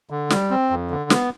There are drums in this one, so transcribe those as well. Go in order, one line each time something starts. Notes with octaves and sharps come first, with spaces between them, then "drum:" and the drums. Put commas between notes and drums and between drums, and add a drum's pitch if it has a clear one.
D3
G3, drum: snare
C4
F2
D3
B3, drum: snare